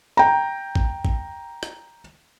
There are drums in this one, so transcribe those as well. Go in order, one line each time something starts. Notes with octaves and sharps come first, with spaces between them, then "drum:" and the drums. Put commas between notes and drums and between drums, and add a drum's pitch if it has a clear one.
G5 A#5
drum: kick A1
drum: kick A1
drum: rim click